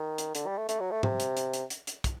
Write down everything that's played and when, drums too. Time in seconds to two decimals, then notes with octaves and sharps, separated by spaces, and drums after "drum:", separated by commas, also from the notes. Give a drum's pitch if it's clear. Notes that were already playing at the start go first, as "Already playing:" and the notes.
Already playing: D#3
0.18 drum: hi-hat
0.35 D3, drum: hi-hat
0.46 G3
0.58 A3
0.69 A3, drum: hi-hat
0.80 F#3
0.91 A3
1.03 C3, drum: tom G#2
1.20 drum: hi-hat
1.37 drum: hi-hat
1.54 drum: hi-hat
1.70 drum: hi-hat
1.87 drum: hi-hat
2.04 drum: kick, hi-hat